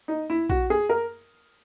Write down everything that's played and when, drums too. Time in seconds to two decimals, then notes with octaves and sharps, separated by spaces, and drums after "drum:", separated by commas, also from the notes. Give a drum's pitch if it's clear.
0.08 D#4
0.30 E4
0.49 F#4, drum: kick A#1
0.70 G#4
0.89 A#4